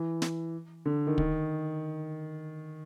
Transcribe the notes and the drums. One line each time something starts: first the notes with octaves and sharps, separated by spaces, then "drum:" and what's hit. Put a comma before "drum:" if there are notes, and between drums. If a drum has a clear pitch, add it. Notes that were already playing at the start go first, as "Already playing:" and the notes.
Already playing: E3
drum: snare
D3
D#3
D#3, drum: kick